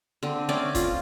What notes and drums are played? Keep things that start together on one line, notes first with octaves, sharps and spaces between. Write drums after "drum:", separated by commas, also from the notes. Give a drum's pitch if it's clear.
D3 C4
A3 C4 C#4 D5
F4, drum: kick, hi-hat